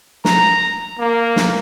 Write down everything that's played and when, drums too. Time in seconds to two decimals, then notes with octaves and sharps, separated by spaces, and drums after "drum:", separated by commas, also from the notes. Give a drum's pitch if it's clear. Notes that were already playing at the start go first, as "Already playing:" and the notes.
0.25 A#5, drum: snare
0.99 A#3
1.36 drum: snare